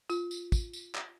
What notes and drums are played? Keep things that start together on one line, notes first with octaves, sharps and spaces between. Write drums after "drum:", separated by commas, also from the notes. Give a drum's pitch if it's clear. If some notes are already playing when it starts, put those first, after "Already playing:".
F4, drum: tambourine
drum: tambourine
drum: kick, tambourine
drum: tambourine
drum: clap